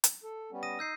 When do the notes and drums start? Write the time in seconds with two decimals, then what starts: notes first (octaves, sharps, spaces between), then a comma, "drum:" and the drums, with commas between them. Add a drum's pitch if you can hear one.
0.04 drum: hi-hat
0.24 A4
0.51 G3 B3 C#4
0.63 D#6 A#6 D#7
0.79 D#4 E6 G6 C7